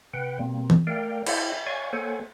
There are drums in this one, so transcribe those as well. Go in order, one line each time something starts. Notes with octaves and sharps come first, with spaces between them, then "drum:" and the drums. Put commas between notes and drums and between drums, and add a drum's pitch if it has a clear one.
C3 B4 F#5 G5
B2 G3 A#3 C4
drum: tom E3
A3 A#4 D5 F5 G5
E4 C5 D5 F#5, drum: cymbal
C#5 D5 F5 G#5 C#6
A#3 A4 C5 C#5 F#5 G#5